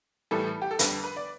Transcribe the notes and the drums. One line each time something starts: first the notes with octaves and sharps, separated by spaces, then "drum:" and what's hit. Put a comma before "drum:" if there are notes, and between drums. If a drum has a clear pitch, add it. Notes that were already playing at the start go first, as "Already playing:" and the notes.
A2 E3 G3 A4
G4
A4
F2 D3 G3 B4, drum: hi-hat
B4
D5